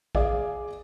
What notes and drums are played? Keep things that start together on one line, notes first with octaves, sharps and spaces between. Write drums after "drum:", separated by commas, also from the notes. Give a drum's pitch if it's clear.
G#4 D5 F5, drum: kick A#1